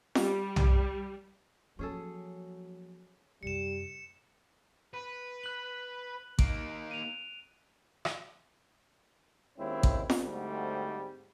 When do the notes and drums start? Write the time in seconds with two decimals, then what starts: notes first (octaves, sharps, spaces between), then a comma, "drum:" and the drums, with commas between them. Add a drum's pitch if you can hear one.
0.15 G3, drum: snare
0.56 drum: tom B1
1.79 F3 F#3 A#3 C#4 G#4 A4
3.43 F#2 C3 G3 C#7 E7
4.94 B4
5.43 F#6 F#7
6.39 A#3 D#4 D7, drum: kick A1
6.91 D#7 F7
8.05 drum: rim click
9.58 D#2 G#3 C4 C#4 E4
9.83 drum: kick A1
10.10 drum: snare
10.20 D2 G#2 G3 A3 C4